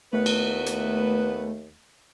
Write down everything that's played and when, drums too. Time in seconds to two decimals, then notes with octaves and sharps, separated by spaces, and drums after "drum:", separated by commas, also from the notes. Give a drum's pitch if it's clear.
0.13 D#2 A3 B3 B4
0.26 drum: cymbal
0.66 drum: hi-hat